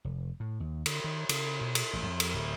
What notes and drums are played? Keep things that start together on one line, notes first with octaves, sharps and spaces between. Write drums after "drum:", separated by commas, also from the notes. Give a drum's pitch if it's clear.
F1
A2
D#2
D3, drum: cymbal
D#3
C#3, drum: cymbal
B2
drum: cymbal
A1
F2
drum: cymbal
D1